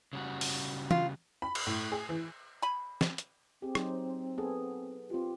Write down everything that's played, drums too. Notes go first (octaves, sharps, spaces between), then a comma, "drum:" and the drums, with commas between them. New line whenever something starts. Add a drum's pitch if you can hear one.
C#3 G3 F#4
drum: open hi-hat
F4, drum: tom
B5
drum: cymbal
A2
G#4
E3
G#5 B5
drum: snare
drum: hi-hat
C4 G4 G#4
F#3 D#4 C5, drum: rim click
B3 G#4 A4
C4 F4 G4